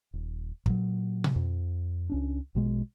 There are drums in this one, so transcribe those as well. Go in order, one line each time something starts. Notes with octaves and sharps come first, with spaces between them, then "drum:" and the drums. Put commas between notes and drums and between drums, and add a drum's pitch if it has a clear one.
D#1
A#2 F#3, drum: kick
drum: tom B2
F2
C#2 C#4 D4
A#1 B2 G#3